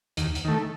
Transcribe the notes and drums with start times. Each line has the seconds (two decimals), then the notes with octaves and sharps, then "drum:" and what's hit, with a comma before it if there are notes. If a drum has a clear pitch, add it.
0.17 D#2, drum: hi-hat
0.35 drum: hi-hat
0.45 D#3 A3